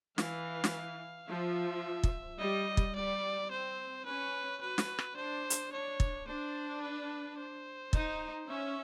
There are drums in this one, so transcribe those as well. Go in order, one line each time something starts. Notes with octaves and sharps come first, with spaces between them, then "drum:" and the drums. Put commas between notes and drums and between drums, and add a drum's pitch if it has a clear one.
E3 F5, drum: snare
drum: snare
F3 E5
drum: kick
G3 D#5
drum: kick
G3 D5
C4 C5
C#4 B4
F#4 B4
drum: snare
drum: rim click
D4 C5
drum: hi-hat
D4 C#5
drum: kick
D4 C5
B4
C5
D#4, drum: kick
C#4 E5